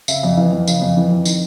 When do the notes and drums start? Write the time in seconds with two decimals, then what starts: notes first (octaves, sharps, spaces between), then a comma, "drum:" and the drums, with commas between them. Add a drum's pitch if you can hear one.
0.08 C#3 E5, drum: tambourine
0.23 F2
0.37 E3 F5
0.52 F2
0.67 C#3, drum: tambourine
0.82 F2
0.97 E3
1.11 F2
1.25 D#3, drum: tambourine